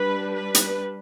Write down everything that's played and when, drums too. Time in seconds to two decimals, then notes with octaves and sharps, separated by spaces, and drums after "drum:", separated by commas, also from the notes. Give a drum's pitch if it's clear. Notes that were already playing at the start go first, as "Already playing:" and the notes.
Already playing: G3 D4 B4
0.34 B4
0.55 drum: hi-hat